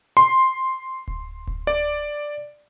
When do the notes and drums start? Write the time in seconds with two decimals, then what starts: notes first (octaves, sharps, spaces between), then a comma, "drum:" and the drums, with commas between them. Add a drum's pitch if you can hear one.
0.17 C6
1.08 drum: kick D1
1.47 drum: kick D1
1.67 D5